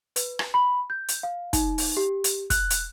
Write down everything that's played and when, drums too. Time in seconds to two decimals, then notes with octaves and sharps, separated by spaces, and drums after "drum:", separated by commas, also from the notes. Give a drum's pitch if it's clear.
0.16 B4, drum: hi-hat
0.39 drum: rim click
0.54 B5
0.90 G6
1.08 drum: hi-hat
1.23 F5
1.53 D#4, drum: kick, hi-hat
1.78 drum: open hi-hat
1.97 G4
2.24 drum: hi-hat
2.50 F#6, drum: kick, hi-hat
2.70 drum: hi-hat